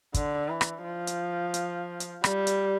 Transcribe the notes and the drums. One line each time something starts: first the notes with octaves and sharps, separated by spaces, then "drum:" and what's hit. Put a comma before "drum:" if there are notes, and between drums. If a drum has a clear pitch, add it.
D3, drum: kick, hi-hat
E3
drum: rim click
F3
drum: hi-hat
drum: hi-hat
drum: hi-hat
G3, drum: rim click
drum: hi-hat